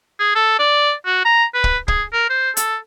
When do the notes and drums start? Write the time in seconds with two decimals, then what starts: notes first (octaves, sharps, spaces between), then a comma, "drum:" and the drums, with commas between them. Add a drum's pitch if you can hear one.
0.20 G#4
0.35 A4
0.59 D5
1.06 F#4
1.25 A#5
1.54 B4
1.64 drum: kick
1.88 G#4, drum: kick
2.13 A#4
2.29 C5
2.57 A4, drum: hi-hat